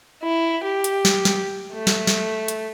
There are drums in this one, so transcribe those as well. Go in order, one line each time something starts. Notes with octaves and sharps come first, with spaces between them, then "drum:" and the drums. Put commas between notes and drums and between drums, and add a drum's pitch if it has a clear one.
E4
G4
drum: hi-hat
drum: snare
drum: snare
A3
drum: snare
drum: snare
drum: hi-hat